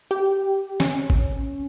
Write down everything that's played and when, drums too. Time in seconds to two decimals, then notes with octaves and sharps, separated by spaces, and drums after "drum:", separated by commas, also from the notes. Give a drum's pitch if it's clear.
0.11 G4
0.80 C#4, drum: snare
1.10 drum: kick G#1